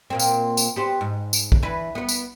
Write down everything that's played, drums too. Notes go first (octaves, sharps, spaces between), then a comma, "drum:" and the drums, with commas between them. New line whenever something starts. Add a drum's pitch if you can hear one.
A#2 A#3 C4
drum: tambourine
drum: tambourine
B3 G4 C5
G#2
drum: tambourine
drum: kick A#1
E3 B4
B3 B4
drum: tambourine